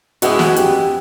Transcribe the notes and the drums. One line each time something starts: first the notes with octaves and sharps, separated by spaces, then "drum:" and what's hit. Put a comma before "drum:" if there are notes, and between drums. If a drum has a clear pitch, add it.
G#3 B3 E4 F#4 G4, drum: hi-hat
drum: snare
G4, drum: hi-hat